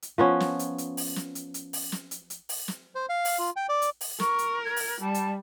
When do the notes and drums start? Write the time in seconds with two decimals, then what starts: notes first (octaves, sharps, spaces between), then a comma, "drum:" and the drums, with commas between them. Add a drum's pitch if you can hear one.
0.02 drum: hi-hat
0.18 F3 B3 C#4
0.40 drum: snare
0.59 drum: hi-hat
0.78 drum: hi-hat
0.97 drum: open hi-hat
1.16 drum: snare
1.35 drum: hi-hat
1.54 drum: hi-hat
1.73 drum: open hi-hat
1.92 drum: snare
2.11 drum: hi-hat
2.30 drum: hi-hat
2.49 drum: open hi-hat
2.68 drum: snare
2.95 C5
3.09 F5
3.25 drum: open hi-hat
3.39 F4
3.56 G5
3.69 D5
3.82 drum: hi-hat
4.01 drum: open hi-hat
4.20 A#4 C#6, drum: snare
4.39 drum: hi-hat
4.65 G#6
4.76 drum: open hi-hat
5.01 G3 A5
5.14 drum: hi-hat